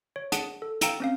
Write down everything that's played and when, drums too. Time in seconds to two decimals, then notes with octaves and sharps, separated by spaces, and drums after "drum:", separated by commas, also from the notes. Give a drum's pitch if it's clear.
0.16 C#5
0.32 G#4 F#5 A5, drum: hi-hat
0.62 A4
0.81 F5 G5 A#5 E6 A#6, drum: hi-hat
1.00 C4 C#4 F5